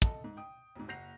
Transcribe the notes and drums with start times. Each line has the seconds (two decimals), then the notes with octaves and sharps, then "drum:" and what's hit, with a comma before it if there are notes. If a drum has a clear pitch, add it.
0.02 A4 D#5 A5, drum: kick
0.24 G#2
0.37 G5 D#6
0.76 D#1 G#2
0.88 F#1 F#5 G6 A#6 C7 F7